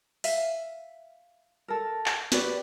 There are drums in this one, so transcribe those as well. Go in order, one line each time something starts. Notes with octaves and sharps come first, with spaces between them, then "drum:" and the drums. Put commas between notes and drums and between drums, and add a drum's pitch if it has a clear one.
E5 F5, drum: open hi-hat
A4 A#4
drum: clap
F#4 G4 B4 D5, drum: snare